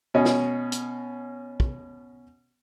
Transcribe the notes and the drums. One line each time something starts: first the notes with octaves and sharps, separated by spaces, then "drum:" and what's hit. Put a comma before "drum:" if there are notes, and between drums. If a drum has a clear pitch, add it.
B2 C#4 D#5
drum: snare
drum: hi-hat
drum: kick